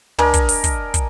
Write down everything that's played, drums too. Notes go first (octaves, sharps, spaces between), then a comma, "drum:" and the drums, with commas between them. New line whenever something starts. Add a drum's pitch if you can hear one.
D4 A#4 D#5 G#5, drum: tom
drum: kick, hi-hat
drum: open hi-hat
drum: kick, hi-hat
drum: kick, hi-hat